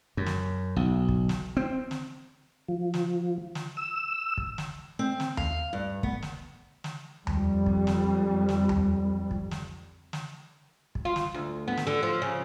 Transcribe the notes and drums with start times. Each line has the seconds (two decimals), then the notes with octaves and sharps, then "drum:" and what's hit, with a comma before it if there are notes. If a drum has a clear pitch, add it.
0.17 F#2
0.26 drum: snare
0.76 B1
1.09 drum: kick
1.29 drum: snare
1.57 C4
1.91 drum: snare
2.68 F3
2.94 drum: snare
3.55 drum: snare
3.77 E6
4.37 drum: kick
4.58 drum: snare
4.99 C4
5.20 drum: snare
5.37 F5, drum: tom D#2
5.73 G2
6.03 B3, drum: kick
6.22 drum: snare
6.84 drum: snare
7.27 F2 G3, drum: tom D#2
7.66 drum: kick
7.87 drum: snare
8.49 drum: snare
8.69 drum: tom D#2
9.31 drum: kick
9.51 drum: snare
10.13 drum: snare
10.95 drum: kick
11.05 F4
11.16 drum: snare
11.34 D2
11.68 B3
11.77 drum: snare
11.87 D3
12.03 F3
12.22 C#3